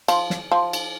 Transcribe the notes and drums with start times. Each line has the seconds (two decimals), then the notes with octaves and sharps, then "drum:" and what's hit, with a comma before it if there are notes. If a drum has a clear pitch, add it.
0.08 F3, drum: cymbal
0.30 drum: snare
0.51 F3
0.73 drum: cymbal